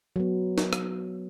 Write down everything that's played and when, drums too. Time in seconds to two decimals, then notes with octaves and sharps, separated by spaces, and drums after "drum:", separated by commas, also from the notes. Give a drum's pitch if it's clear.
0.16 F#3 B3
0.58 drum: snare
0.73 drum: rim click